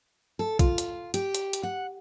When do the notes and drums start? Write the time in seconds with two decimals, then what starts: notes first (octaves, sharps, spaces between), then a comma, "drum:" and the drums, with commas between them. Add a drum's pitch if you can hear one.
0.39 A4
0.59 F4, drum: kick, hi-hat
0.78 drum: hi-hat
1.14 G4, drum: hi-hat
1.35 drum: hi-hat
1.53 drum: hi-hat
1.63 F#5